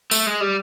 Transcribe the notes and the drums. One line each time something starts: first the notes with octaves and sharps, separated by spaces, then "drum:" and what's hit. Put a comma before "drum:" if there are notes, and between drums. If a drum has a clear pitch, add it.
A3, drum: tambourine
G#3
G3